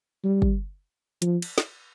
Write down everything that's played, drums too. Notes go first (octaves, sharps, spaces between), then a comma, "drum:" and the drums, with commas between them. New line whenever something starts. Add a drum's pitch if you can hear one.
G3
drum: kick
F3, drum: hi-hat
drum: cymbal
drum: snare